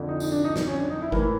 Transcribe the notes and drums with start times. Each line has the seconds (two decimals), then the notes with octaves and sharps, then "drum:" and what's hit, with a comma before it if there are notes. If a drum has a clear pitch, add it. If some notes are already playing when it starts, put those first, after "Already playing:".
Already playing: F2 D3
0.09 D#4
0.20 D#4, drum: tambourine
0.32 D4
0.44 D#4
0.56 D#4, drum: snare
0.67 C#4
0.78 D4
0.90 D#4
1.02 E4
1.12 A2 E3 A#4, drum: kick G1